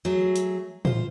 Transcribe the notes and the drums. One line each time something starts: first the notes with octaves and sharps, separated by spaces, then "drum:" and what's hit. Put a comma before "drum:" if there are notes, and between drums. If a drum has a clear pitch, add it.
F#3 A3 G#4
drum: hi-hat
F4 C5, drum: tom